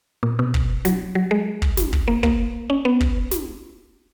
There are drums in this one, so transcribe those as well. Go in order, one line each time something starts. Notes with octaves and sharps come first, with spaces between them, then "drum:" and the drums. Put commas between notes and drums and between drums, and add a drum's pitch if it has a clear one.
A#2
B2
drum: kick
F#3, drum: snare
F#3
G#3
drum: kick
drum: snare
drum: kick
A#3
A#3, drum: kick
C#4
B3
drum: kick
drum: snare